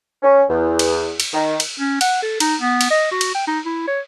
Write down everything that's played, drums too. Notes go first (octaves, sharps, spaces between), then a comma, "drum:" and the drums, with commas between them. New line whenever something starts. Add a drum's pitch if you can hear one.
C#4
E2
drum: cymbal
drum: cymbal
D#3
drum: cymbal
C#4
F#5, drum: cymbal
A4
D#4, drum: cymbal
B3
drum: cymbal
D#5
F#4
drum: cymbal
G5
D#4
E4
C#5